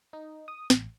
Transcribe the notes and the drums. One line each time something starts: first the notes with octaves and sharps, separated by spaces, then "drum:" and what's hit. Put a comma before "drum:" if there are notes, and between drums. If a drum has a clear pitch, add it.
D#4
D#6
A1, drum: snare